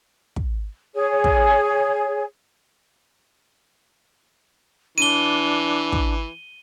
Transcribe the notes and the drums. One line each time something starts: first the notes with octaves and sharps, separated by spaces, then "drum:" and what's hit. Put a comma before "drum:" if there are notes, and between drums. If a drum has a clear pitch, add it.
drum: kick
G#4 C#5
drum: kick
E3 D4 D#7 G7
drum: kick